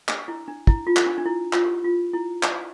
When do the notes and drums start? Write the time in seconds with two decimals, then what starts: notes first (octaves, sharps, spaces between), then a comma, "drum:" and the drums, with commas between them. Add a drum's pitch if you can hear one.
0.09 D4, drum: clap
0.28 E4
0.48 D4
0.67 E4, drum: kick
0.87 F4
0.97 drum: clap
1.06 D4
1.18 D4
1.26 E4
1.53 F4, drum: clap
1.65 G4
1.84 F4
2.14 E4
2.43 D4, drum: clap